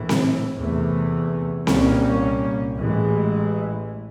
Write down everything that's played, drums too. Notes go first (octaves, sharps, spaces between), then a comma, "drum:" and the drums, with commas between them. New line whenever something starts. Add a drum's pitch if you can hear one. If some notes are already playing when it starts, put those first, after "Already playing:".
Already playing: A#1 A2 E3
drum: snare C4
E2 C3 E3 A3
C2 A#2 G3 A#3 C#4, drum: snare C4
A1 A2 E3 G#3